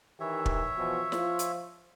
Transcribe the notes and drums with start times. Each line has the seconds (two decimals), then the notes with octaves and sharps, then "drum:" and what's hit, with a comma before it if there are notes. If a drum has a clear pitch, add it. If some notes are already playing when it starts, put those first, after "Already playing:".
0.20 D#3 E3 G4 C#5 E5
0.46 drum: kick
0.77 B2 E3 F3
1.12 F3 F4, drum: snare
1.39 drum: hi-hat